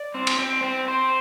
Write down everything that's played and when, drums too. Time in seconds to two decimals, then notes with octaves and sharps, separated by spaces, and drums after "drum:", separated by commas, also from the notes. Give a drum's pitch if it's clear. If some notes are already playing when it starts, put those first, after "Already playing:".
Already playing: D5
0.14 C4
0.27 drum: cymbal
0.39 C4
0.64 C4
0.88 C4 C5